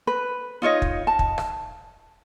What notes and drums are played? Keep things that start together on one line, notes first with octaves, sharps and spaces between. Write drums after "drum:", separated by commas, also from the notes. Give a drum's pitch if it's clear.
B4
D#4 F4 C#5 D#5
drum: kick
A5
drum: kick
drum: rim click